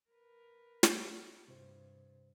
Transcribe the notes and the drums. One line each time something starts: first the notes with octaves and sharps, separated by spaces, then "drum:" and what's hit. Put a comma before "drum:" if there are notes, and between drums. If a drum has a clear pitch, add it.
A#4 B4
drum: snare
G2 C3 C5